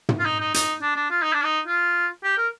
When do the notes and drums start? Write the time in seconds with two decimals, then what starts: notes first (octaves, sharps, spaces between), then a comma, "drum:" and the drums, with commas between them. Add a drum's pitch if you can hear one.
0.09 drum: tom
0.20 F4
0.25 D#4
0.40 D#4
0.54 D#4, drum: hi-hat
0.82 D4
0.96 D4
1.11 F4
1.22 D#4
1.33 D4
1.44 D#4
1.67 F4
2.24 G4
2.38 A#4